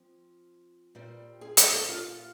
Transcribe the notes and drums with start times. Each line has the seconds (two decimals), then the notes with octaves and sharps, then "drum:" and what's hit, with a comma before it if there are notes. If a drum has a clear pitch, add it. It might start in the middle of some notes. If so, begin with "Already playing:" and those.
Already playing: F3 C4
0.95 A#2 G3 C4
1.41 G#4 G#5
1.57 A4 A5, drum: hi-hat
1.73 A4 A5
1.89 F4 F5